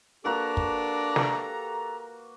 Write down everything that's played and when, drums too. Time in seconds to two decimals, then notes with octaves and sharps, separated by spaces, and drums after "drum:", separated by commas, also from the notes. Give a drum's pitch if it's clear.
0.25 A#3 D4 F#4 G4 A4 B4 A#5
0.57 drum: kick
1.16 drum: snare